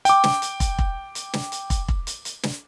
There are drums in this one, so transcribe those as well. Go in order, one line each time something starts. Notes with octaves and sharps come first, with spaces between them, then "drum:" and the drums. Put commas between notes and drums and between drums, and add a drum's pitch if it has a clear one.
G5 D6, drum: hi-hat
drum: snare
drum: hi-hat
drum: kick, hi-hat
drum: kick
drum: hi-hat
drum: snare
drum: hi-hat
drum: kick, hi-hat
drum: kick
drum: hi-hat
drum: hi-hat
drum: snare